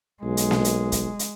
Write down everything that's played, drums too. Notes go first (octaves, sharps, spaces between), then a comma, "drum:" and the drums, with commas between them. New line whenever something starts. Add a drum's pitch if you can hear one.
B1 G#3
drum: hi-hat
drum: snare A#3
drum: hi-hat
drum: kick, hi-hat
drum: hi-hat